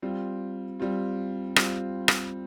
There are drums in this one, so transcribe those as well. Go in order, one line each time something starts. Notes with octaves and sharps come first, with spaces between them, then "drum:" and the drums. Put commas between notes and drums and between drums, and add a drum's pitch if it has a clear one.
G3 C4 F4
G3 C4 F4
G3 C4 F4, drum: rim click
drum: rim click